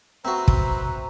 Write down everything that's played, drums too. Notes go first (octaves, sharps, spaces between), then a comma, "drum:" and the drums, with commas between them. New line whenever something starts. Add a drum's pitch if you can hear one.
C4 F#4 B4 C5 E5 A#5
drum: kick